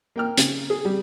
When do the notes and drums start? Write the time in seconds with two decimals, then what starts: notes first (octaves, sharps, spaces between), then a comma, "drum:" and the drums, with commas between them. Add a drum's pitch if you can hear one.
0.16 A#3 G5 F6
0.37 C#3, drum: hi-hat
0.70 G#4
0.85 G3